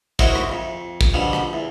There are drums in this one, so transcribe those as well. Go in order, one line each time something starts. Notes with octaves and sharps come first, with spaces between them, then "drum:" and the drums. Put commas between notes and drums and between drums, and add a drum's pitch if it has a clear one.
E4 F#4 A#4 C5 C#5 D#5, drum: kick
drum: rim click
F2
drum: kick
B2 D3 F3 G3
drum: rim click
E2